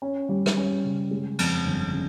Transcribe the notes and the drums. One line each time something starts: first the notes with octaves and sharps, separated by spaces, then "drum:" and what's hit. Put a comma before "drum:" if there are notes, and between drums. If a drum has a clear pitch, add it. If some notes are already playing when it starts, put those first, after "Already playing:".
C#4
G3
drum: rim click
C#4
C#3
G#3
F2, drum: cymbal
G1
C#3